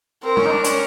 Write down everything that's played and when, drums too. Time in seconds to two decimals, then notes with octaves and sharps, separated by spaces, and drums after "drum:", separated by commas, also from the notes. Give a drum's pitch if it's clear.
0.24 C4 A#4
0.37 C#4, drum: tom
0.46 D#4
0.51 D4
0.64 C#4, drum: hi-hat